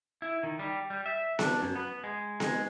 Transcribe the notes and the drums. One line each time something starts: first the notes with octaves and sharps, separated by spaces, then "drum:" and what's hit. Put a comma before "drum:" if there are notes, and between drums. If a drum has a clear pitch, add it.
E4
D#3
G3
G3
E5
D4, drum: snare B3
F#2
B3
G#3
G#3, drum: snare B3